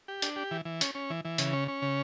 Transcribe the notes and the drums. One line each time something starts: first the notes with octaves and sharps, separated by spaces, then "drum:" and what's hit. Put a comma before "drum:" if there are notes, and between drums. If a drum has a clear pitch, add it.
G4
D4, drum: hi-hat
G4
E3
E3
C#4, drum: hi-hat
C#4
E3
E3
C#3, drum: hi-hat
C#4
C#4
C#3